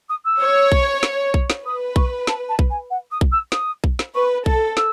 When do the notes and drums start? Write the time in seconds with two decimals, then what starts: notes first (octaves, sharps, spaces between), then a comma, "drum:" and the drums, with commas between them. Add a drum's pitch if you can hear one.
0.09 D#6
0.25 E6
0.41 C#5
0.72 drum: kick B1
1.03 drum: snare
1.34 drum: kick B1
1.50 drum: snare
1.65 B4 D#6
1.96 C#6, drum: kick B1
2.27 A5, drum: snare
2.48 A5
2.59 drum: kick B1
2.70 G#5
2.90 F#5
3.11 D#6
3.21 drum: kick B1
3.32 E6
3.52 D#6, drum: snare
3.84 drum: kick B1
3.99 drum: snare
4.15 B4 C#6
4.46 A4, drum: kick B1
4.77 E6, drum: snare